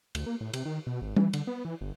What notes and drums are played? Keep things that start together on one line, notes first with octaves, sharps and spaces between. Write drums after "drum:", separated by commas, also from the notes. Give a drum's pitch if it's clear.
D2, drum: cymbal
A#3
A2
C3, drum: cymbal
D#3
B2
G#1
E3, drum: tom G3
D3, drum: cymbal
B3
E3
G1